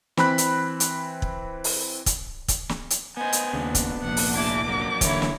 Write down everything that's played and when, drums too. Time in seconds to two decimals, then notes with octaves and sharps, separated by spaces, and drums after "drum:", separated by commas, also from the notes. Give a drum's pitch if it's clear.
0.17 E3 C4 B5 F#6 B6, drum: snare
0.38 drum: hi-hat
0.80 drum: hi-hat
1.22 drum: kick
1.64 drum: open hi-hat
2.06 drum: kick, hi-hat
2.48 drum: kick, hi-hat
2.69 drum: snare
2.90 drum: hi-hat
3.17 B3 C5 D#5 G#5
3.33 drum: hi-hat
3.54 D#2 C#3 D4
3.75 drum: kick, hi-hat
4.02 F1 A#1 F#5
4.17 drum: open hi-hat
4.36 B2 E4 G#4 D6
4.67 F#3 A#3
5.01 D3 E3 E4 C#5, drum: kick, hi-hat
5.22 drum: snare